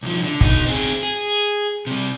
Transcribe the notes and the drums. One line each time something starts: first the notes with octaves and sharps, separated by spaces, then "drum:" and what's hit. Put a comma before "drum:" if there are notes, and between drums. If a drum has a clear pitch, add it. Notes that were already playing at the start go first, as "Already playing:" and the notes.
C2 F3
D3
B2 D#4, drum: kick
C4 G#4
G#4
C3 G3